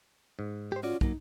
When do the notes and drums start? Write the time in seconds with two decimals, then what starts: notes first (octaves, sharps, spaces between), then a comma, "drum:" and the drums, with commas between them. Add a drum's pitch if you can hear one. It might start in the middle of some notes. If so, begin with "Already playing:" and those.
0.39 G#2
0.72 G4 C5
0.83 C#4 F4 F#4 D5
1.01 F#3 A#3 D#4, drum: kick